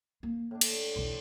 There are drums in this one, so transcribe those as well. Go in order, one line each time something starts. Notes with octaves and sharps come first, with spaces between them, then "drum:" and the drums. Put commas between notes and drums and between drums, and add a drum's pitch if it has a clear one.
D#3 A#3
A2 D4
drum: cymbal
B1 E2 C6